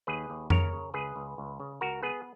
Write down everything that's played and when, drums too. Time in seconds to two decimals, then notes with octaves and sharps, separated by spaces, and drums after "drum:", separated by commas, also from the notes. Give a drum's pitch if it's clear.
0.07 D#2 G#4 B4
0.30 D#2
0.50 C#3 A#4 C#5, drum: tom F2
0.73 C#3
0.94 C#2 G#4 B4
1.16 C#2
1.38 C#2
1.60 C#3
1.81 C#2 F#4 A#4
2.03 B3 G#4 B4